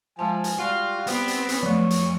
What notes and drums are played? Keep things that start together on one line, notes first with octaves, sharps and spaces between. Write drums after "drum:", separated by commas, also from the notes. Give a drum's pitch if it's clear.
F3 G#3 G#5 A5
drum: hi-hat
G3 F4 F#4 F5 F#5
B3 C4, drum: hi-hat
drum: hi-hat
drum: hi-hat
F2 F#3 A3 C#5
drum: hi-hat